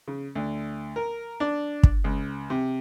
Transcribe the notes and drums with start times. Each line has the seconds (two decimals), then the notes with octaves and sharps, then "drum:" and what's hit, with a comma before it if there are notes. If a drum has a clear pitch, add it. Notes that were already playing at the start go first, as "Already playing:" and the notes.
0.08 C#3
0.35 D2
0.96 A#4
1.40 D4
1.83 drum: kick
2.04 C#2
2.50 C3